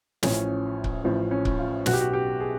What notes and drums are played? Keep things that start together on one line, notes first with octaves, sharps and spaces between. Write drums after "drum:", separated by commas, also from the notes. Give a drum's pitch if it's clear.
A1 A2 F3 C#4, drum: snare
drum: kick C#1
A1 A2 F3
C#4
drum: kick C#1
F4
B1 B2 F#4, drum: snare
G4
F#4
G4
G#4